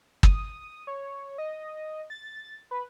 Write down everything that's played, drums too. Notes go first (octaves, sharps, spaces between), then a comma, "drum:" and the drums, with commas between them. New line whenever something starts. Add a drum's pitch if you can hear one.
D#6, drum: kick
C#5
D#5
A6
B4